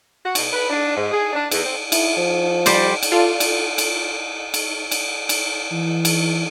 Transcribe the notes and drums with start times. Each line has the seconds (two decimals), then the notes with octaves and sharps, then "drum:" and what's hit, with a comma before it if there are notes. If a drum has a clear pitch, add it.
0.23 F#4
0.35 B2, drum: cymbal
0.53 B4
0.69 D4
0.95 G#2
1.11 G#4
1.33 D4
1.51 E2, drum: cymbal
1.64 C4
1.92 E4, drum: cymbal
2.17 F3
2.66 G3 C5 D5, drum: cymbal
3.03 drum: cymbal
3.12 F4 A4 D5
3.40 drum: cymbal
3.78 drum: cymbal
4.54 drum: cymbal
4.91 drum: cymbal
5.29 drum: cymbal
5.72 E3
6.05 drum: cymbal